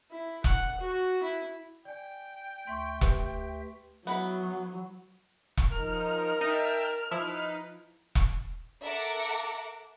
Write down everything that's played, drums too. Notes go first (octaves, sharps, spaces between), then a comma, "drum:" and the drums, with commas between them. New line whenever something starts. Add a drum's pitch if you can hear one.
E4
F#5, drum: kick E1
F#4
E4
D5 G5 G#5
D2 E5 C6 C#6
G4 B4, drum: kick E1
F#3 B3 E4 B5
drum: kick E1
F3 D#4 A#4 F6
D#4 E5 G5 A5
F3 D#4 E4 B4
drum: kick E1
A4 A#4 E5 F#5 A#5 D6